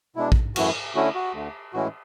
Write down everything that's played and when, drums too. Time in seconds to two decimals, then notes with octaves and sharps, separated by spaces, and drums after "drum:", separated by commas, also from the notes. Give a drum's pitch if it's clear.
0.16 B2 G#3 D4 E4
0.32 drum: kick
0.56 F#2 E3 A3 E4 F#4, drum: cymbal
0.95 D3 A3 C#4 E4 F#4
1.15 F#4
1.34 D2 D3 A3
1.73 A2 E3 G#3 C#4 E4 F#4